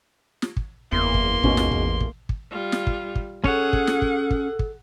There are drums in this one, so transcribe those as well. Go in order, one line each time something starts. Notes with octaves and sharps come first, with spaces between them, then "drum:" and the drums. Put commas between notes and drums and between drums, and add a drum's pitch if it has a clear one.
drum: snare
drum: kick
F#1 E2 A#3 C6
drum: kick
A1 G#2 B2 C#4, drum: kick
drum: snare
drum: kick
drum: kick
drum: kick
G3 F4
drum: snare
drum: kick
drum: kick
C#4 G#4 A4 C#5 F#5, drum: kick
drum: kick
drum: snare
drum: kick
drum: kick
drum: kick